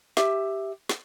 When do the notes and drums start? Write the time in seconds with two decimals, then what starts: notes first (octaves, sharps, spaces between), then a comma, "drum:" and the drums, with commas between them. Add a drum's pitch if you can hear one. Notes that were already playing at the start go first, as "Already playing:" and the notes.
0.17 G4 E5, drum: snare
0.89 drum: snare